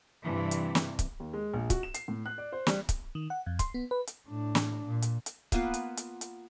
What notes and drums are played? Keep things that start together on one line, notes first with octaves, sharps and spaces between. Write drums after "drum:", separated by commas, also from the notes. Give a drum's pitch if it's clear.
G2 C3 E3
drum: hi-hat
drum: snare
drum: kick C#1, hi-hat
D#2
G#3
A#1
F#4, drum: kick C#1, hi-hat
E7
C7, drum: hi-hat
A2
F#6
D5
C5
G3, drum: snare
drum: kick C#1, hi-hat
D#3
F#5
F2
C6, drum: kick C#1, hi-hat
B3
B4
drum: hi-hat
A2 D4
drum: snare
A#2
drum: hi-hat
drum: hi-hat
A#3 B3 F4 B4, drum: kick C#1, hi-hat
drum: hi-hat
drum: hi-hat
drum: hi-hat